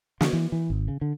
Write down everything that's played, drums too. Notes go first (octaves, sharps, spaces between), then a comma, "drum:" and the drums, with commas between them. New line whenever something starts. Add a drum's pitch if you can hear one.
D3, drum: snare
E3
E3
G#1
C#3
D3